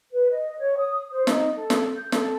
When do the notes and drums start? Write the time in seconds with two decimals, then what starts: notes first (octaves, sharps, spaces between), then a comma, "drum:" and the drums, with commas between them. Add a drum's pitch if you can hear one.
0.12 B4
0.30 D#5
0.59 C#5
0.78 D#6
1.11 C5
1.27 D#4, drum: snare
1.56 A4
1.70 drum: snare
1.97 G6
2.12 A4, drum: snare